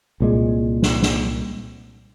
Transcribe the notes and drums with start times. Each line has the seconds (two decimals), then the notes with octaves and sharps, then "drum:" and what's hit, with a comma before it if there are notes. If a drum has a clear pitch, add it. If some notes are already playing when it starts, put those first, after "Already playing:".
0.20 C2 A#2 G#3
0.82 drum: snare
1.02 drum: snare